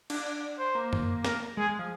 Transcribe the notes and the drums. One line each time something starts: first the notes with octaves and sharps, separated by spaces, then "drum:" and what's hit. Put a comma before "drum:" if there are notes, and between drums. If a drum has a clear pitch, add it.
D4, drum: cymbal
C5
A#3
drum: tom F#2
A#4, drum: snare
G#3 G#4
G#3
F3